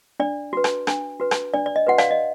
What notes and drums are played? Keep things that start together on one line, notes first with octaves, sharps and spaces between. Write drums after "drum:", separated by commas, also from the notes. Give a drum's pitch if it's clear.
D4 D5
F#4 B4
drum: rim click
D4, drum: rim click
F#4 B4
drum: rim click
D4 D5
D5
D#5
F#4 B4 F#5
D5 F5, drum: rim click
D#5